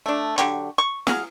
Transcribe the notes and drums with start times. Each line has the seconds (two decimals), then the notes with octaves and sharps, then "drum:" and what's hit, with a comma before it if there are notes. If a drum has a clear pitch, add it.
0.06 A3 D4
0.38 D3 F#3 G4 C#6, drum: hi-hat
0.78 C#6
1.07 F#3 F#4 G#4 F5, drum: snare